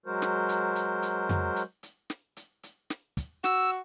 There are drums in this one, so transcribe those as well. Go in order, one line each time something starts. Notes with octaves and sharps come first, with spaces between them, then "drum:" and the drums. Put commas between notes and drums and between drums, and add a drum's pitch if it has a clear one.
F#3 G#3 F#4 A#4 C5
drum: snare
drum: hi-hat
drum: hi-hat
drum: hi-hat
drum: tom F2
drum: hi-hat
drum: hi-hat
drum: snare
drum: hi-hat
drum: hi-hat
drum: snare
drum: kick, hi-hat
F#4 E6, drum: snare